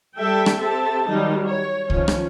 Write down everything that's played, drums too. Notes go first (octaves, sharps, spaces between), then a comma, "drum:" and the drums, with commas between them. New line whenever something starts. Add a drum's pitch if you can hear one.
G3 A4 E5 G5
drum: rim click
C4 G4 A4 E5 A5
D#3 F#3 G3 D#4
C#5
D#3 F3 C#4 C#5, drum: kick C2
drum: rim click